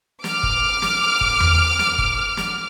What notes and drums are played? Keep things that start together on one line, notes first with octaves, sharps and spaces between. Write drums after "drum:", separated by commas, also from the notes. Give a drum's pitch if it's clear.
D6 F6, drum: snare
drum: kick
drum: snare
drum: kick
drum: tom E2
drum: snare
drum: kick
drum: snare